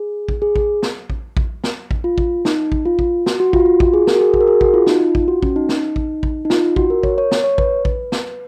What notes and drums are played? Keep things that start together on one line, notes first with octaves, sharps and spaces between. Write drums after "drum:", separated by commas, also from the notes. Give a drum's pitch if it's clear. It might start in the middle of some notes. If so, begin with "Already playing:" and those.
Already playing: G#4
drum: kick A1
G#4
drum: kick A1
drum: snare
drum: kick A1
drum: kick A1
drum: snare
drum: kick A1
F4
drum: kick A1
D#4, drum: snare
drum: kick A1
F4
drum: kick A1
F#4, drum: snare
F#4
F4, drum: kick A1
F#4
F4
F#4, drum: kick A1
G#4
A#4, drum: snare
F#4
G#4
F#4, drum: kick A1
A#4
G#4
F#4, drum: kick A1
F4
D#4, drum: snare
F4
drum: kick A1
F#4
C#4, drum: kick A1
D#4
drum: snare
drum: kick A1
drum: kick A1
D#4
F4, drum: snare
F#4, drum: kick A1
A#4
C#5, drum: kick A1
C#5
C#5, drum: snare
C#5
B4, drum: kick A1
drum: kick A1
drum: snare